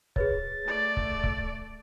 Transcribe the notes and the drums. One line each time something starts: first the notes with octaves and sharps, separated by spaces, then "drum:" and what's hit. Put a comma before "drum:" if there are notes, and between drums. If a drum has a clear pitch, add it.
G#4 B4 C#5 A6, drum: kick C#1
A3 D5
drum: kick C#1
drum: kick C#1